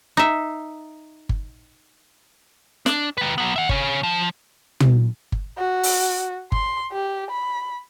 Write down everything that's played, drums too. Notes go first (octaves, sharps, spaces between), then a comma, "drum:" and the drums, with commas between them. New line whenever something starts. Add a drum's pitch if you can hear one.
D#4 E5
drum: kick G1
D4, drum: snare
D#3 B4
F#3 B3
E5 F#5
C#3 C#5, drum: kick G1
F3
drum: tom
drum: kick G1
F#4
drum: open hi-hat
C6, drum: kick G1
G4
B5